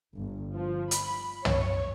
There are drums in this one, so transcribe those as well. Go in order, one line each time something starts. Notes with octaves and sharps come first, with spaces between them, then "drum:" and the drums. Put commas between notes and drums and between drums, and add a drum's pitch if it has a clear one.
G1
F3
B5, drum: hi-hat
C#5, drum: tom